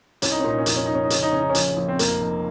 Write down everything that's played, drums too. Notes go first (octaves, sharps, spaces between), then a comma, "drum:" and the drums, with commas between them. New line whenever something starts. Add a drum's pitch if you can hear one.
C2 C#4, drum: hi-hat
D#4
C#4
A#2 D#4
C#4
F1 D#4, drum: hi-hat
C#4
F1 D#4
C#4
D#4
C#3 C#4, drum: hi-hat
D#4
C#3 C#4
D#4
C#4
A#1, drum: hi-hat
A#1
C4
F1 A#3, drum: hi-hat
F1